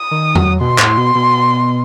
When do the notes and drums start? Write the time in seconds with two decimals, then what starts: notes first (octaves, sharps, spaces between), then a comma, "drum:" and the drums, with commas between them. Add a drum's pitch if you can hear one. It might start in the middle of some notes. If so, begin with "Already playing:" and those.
Already playing: D#6
0.11 D#3
0.35 F#3, drum: tom E2
0.60 B2 C6
0.78 A2, drum: clap
0.98 B2
1.15 B2